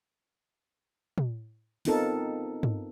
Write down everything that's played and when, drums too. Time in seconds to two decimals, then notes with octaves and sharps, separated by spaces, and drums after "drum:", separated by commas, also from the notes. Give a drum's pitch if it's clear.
1.18 drum: tom
1.85 B3 C4 D#4 F4 A4 A#4, drum: open hi-hat
2.63 drum: tom